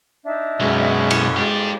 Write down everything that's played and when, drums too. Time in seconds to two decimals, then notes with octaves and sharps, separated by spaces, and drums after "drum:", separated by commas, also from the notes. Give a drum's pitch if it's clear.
0.24 D4 D#4 E5
0.60 B1 F#2 B2 G#3 C#4
1.11 drum: cymbal
1.37 G#3 D4 G4